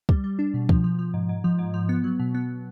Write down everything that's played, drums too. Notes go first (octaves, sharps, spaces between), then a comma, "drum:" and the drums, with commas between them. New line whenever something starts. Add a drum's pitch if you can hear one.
G3, drum: kick
G3
D4
B2
F3, drum: kick
F3
F3
G#2
G#2
F3
G#2
F3
B3
F#3
B2
B3